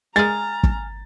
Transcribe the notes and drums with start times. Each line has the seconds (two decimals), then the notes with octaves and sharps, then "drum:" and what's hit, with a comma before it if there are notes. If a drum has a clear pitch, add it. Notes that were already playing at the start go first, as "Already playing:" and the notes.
0.16 G#3 G#4 G#5 A#5 F6 A6
0.63 drum: kick